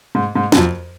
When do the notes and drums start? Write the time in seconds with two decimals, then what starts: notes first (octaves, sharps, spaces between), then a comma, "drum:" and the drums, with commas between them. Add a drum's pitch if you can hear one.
0.15 G#2
0.36 G#2
0.52 F#2, drum: snare
0.56 F2